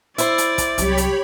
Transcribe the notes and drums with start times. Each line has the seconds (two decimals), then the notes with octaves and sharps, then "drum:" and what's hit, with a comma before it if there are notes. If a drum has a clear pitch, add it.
0.18 E4 C5 D5, drum: hi-hat
0.38 drum: hi-hat
0.58 drum: kick, hi-hat
0.78 C2 F#3 G4 C#5 B5, drum: hi-hat
0.98 drum: hi-hat